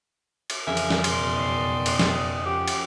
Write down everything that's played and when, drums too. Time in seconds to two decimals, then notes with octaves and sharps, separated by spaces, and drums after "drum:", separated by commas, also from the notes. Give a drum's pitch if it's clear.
0.50 drum: cymbal
0.67 F2 C#3 E3 A#4 E5 G#5
0.77 drum: cymbal
0.91 drum: snare
1.04 F#2 B2 D5 C6, drum: cymbal
1.35 D#3
1.86 drum: cymbal
1.99 drum: snare
2.46 F3 C#4 G4 F#5
2.68 drum: cymbal